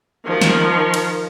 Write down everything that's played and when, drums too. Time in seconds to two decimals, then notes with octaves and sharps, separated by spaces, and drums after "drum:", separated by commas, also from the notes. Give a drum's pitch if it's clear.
0.25 D#3 F3
0.41 drum: snare
0.94 drum: cymbal